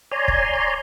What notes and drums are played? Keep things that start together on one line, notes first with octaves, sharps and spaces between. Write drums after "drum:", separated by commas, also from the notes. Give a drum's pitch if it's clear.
C#5 D5 G#5 A#5 C6
drum: kick